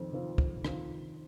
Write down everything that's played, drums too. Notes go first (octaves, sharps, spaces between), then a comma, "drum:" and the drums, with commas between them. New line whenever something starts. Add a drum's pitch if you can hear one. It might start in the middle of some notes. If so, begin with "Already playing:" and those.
Already playing: F2 D#3 C4
D#3 C4 F4
F2, drum: kick
D#3 C4 F4, drum: rim click